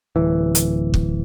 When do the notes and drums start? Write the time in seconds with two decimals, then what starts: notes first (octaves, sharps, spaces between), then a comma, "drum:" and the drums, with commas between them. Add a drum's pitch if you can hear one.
0.16 D1 E3
0.55 drum: hi-hat
0.94 drum: kick